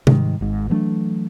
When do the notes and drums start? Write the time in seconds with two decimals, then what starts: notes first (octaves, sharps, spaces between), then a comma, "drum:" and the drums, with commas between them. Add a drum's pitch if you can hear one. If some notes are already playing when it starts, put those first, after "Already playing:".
0.07 G#2 D#3 G3, drum: tom C3
0.41 G#1 G#2
0.69 E3 F#3 A3 D4